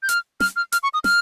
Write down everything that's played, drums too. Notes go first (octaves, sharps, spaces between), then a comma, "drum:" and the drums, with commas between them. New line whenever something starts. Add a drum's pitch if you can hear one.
G6
F6, drum: hi-hat
F6, drum: snare
F6
F6, drum: hi-hat
C#6
D#6
F6, drum: snare